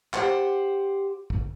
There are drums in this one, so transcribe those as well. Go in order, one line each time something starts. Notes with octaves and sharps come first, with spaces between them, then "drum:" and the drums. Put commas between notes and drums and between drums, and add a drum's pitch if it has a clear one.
G4 C5 F#5, drum: clap
drum: kick